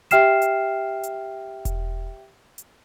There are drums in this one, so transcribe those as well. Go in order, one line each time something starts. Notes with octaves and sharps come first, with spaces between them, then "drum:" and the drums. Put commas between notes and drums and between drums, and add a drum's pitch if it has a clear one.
G4 E5 G5 F6 C7 E7, drum: hi-hat
drum: hi-hat
drum: hi-hat
drum: kick E1, hi-hat
drum: hi-hat